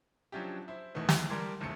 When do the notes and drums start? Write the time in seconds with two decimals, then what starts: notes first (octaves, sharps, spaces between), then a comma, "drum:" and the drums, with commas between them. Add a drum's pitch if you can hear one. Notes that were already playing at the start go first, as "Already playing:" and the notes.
0.32 F3 F#3 C#4 D4 E4 G4
0.68 E4 C5
0.94 E2 B2 D#3 A3 B3
1.09 C#2 F#2 A2, drum: snare
1.30 G3 A#4 A5 C6 D6 G#6
1.61 F#1 D#2 C3 A3 C#4 C#7